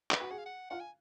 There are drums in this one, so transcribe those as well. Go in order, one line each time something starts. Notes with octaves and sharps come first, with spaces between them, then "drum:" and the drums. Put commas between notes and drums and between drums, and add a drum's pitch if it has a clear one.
B4, drum: clap
F#4
G#4 F#5
F5
F#5
F4 F#5
G#5